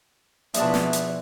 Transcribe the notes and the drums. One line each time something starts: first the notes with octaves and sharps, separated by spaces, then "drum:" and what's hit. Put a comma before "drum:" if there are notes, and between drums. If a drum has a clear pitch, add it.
B2 F3 G#3 D4 E4 D5 E5 A5, drum: hi-hat
drum: snare
drum: hi-hat